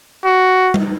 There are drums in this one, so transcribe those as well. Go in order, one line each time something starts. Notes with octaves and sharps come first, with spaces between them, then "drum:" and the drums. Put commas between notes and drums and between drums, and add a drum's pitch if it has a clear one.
F#4
drum: tom G3